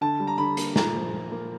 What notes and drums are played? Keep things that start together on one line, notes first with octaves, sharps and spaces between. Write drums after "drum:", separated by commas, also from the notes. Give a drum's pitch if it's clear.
D3 A5
G3
A#5
D3 B5
A#3, drum: hi-hat
A#2 A#5, drum: snare
F3
A#2
A#3